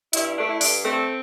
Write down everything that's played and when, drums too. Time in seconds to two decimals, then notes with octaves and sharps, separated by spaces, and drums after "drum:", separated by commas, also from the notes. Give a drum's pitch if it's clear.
0.13 G2 E4, drum: hi-hat
0.25 E4
0.37 A3 D4
0.49 E4
0.61 G2 D4, drum: open hi-hat
0.85 A3 C4